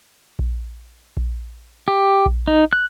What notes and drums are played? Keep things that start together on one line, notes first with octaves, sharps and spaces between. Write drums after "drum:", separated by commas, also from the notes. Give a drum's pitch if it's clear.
drum: kick A#1
drum: kick A#1
G4
drum: kick A#1
D#4
F#6